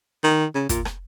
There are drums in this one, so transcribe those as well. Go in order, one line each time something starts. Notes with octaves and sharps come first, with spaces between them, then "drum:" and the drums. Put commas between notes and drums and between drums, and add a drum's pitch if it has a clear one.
D#3
C#3
A#2, drum: kick, hi-hat
drum: rim click